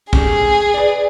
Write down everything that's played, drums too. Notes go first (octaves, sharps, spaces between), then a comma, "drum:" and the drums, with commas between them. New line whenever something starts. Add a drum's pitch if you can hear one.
A3 C#4 G4 G#4, drum: kick
B4 D5